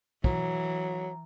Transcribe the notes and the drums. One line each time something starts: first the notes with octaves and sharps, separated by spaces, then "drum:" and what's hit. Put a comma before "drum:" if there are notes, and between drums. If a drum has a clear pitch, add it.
E3 F#3 A#5, drum: kick